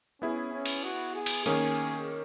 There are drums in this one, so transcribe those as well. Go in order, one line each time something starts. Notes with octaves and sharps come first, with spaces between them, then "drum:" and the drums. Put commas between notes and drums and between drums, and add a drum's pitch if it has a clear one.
B3 C#4 E4 G#4
C#4
drum: cymbal
F#4
G#4
drum: cymbal
D#3 A#3 C#4 G#4, drum: hi-hat